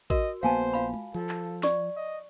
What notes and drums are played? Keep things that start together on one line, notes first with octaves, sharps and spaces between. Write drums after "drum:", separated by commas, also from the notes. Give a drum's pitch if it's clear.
F#4 A#4 D#5, drum: kick A1
A#1 A#3 B3 C5 F5 G#5 A5
F4 F5 B5
drum: tom G#3
F3 A4, drum: hi-hat
drum: clap
D5 C#6, drum: snare
D#5